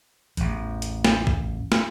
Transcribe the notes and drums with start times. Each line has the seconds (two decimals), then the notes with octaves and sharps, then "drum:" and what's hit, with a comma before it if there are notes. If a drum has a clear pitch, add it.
0.37 A1 E2, drum: hi-hat
0.82 drum: hi-hat
1.04 drum: snare
1.27 drum: kick
1.72 drum: snare